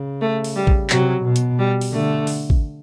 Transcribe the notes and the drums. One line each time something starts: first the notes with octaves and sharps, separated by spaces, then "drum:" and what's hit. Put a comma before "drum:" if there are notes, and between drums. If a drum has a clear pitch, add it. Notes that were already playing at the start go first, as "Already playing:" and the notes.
Already playing: C#3
A3
drum: open hi-hat
G3
drum: kick
C3 F#3, drum: clap
B2
drum: hi-hat
G3
drum: open hi-hat
D3 A3
drum: open hi-hat
drum: kick